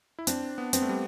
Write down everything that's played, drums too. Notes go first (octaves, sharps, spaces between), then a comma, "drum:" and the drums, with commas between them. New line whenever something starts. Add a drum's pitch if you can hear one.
E4
C4 D4, drum: hi-hat
B3
B3 C4, drum: hi-hat
A3
G3